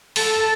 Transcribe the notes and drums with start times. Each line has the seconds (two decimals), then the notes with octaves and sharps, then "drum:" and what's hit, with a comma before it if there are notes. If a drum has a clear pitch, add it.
0.16 A4, drum: open hi-hat